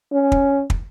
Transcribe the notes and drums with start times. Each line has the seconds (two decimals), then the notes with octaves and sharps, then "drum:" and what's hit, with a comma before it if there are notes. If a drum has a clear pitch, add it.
0.12 C#4
0.32 drum: kick
0.70 drum: kick